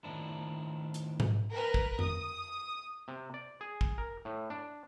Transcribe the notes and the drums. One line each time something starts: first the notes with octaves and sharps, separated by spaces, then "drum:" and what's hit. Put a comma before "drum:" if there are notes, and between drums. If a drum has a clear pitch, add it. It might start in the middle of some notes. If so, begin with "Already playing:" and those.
A2 D#3 F3 D4 E4
drum: hi-hat
drum: tom G#2
A#4 B4
drum: kick
D#6, drum: tom F2
C3
D5
G#4
drum: kick
A#4
A2
D4